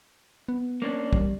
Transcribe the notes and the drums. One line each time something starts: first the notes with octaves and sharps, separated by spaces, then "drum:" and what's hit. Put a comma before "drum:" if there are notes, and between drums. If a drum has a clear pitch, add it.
B3
A#3 C#4 D4
G3, drum: kick